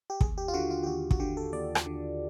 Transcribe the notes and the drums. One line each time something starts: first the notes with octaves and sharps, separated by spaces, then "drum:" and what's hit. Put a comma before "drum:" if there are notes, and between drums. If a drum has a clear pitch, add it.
G4
D#2 G#4, drum: kick
G4
F4
D3 F#4
F4
G4
D#2 F#4
F#4, drum: kick
D3 G4
A4
D#2 D5
drum: rim click
D3